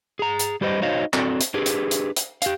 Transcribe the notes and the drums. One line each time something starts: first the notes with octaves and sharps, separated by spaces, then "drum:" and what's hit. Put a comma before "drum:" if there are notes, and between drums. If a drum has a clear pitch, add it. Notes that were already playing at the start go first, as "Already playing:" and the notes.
G#4 A#5
drum: hi-hat
G3 G4 B4 C5 D#5
D#4 F#4 C5 C#5 D#5 F5
C4 D4 F#4 A4, drum: clap
drum: hi-hat
D4 G4 G#4 B4
drum: hi-hat
drum: hi-hat
drum: hi-hat
G4 F5, drum: hi-hat